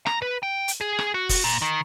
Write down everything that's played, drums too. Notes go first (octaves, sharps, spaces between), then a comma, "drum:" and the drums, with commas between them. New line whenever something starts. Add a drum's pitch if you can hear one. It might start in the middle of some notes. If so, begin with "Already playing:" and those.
A#5, drum: rim click
B4
G5
drum: hi-hat
G#4
drum: rim click
F#4
drum: kick, open hi-hat
A#2
D#3